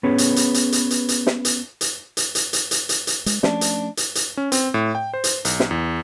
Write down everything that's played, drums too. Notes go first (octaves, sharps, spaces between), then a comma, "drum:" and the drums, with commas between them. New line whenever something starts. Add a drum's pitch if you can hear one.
B3 C#4 G#4 B4 C#5
drum: hi-hat
drum: hi-hat
drum: hi-hat
drum: hi-hat
drum: hi-hat
drum: hi-hat
drum: snare
drum: hi-hat
drum: hi-hat
drum: hi-hat
drum: hi-hat
drum: hi-hat
drum: hi-hat
drum: hi-hat
drum: hi-hat
G#3, drum: hi-hat
F3 A3 C#4 D4, drum: snare
drum: hi-hat
drum: hi-hat
drum: hi-hat
C#4
C4, drum: hi-hat
A2
G5
C5
drum: hi-hat
B1, drum: hi-hat
drum: snare
E2